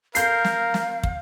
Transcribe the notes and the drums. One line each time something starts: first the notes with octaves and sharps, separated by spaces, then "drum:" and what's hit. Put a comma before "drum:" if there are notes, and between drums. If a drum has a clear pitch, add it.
A#4 F5 G6 C7, drum: hi-hat
drum: snare
drum: snare
drum: kick